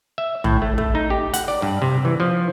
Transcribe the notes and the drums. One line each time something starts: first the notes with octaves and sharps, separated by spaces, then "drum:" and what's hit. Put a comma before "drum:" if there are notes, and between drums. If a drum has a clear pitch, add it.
E5
A2, drum: tom
A3
A3, drum: kick
D#4
G4
F#5, drum: hi-hat
D5
G2
C3
E3
F3